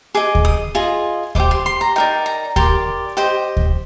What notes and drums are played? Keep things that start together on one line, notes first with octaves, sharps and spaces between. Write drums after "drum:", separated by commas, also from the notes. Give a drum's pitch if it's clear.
G#4 D#5 D6
drum: kick D2
D#6
F4 G#4 D#5
G4 C5 D#5 D6, drum: kick D2
C6
C6
A#5
D#4 A#4 D5 G5
A#5
G4 A#4 D5 C6, drum: kick D2
G4 C5 D#5
drum: kick D2